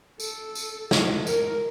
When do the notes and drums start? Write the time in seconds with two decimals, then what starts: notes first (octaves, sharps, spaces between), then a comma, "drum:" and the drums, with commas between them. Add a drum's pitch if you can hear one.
0.20 A4, drum: tambourine
0.55 drum: tambourine
0.91 drum: snare
1.27 A#4, drum: tambourine